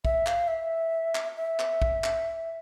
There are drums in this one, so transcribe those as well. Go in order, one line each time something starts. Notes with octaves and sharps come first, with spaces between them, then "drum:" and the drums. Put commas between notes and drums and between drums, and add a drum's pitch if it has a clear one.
E5, drum: kick
F5, drum: clap
E5
drum: clap
E5
drum: clap
drum: kick
drum: clap